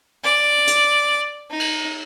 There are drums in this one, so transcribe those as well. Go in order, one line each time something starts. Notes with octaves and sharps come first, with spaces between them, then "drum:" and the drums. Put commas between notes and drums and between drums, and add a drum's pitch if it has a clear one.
D5
drum: hi-hat
D#4
drum: cymbal